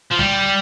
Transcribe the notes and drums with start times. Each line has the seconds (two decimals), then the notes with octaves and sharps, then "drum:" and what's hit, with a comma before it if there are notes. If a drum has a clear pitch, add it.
0.12 F3
0.19 G3, drum: kick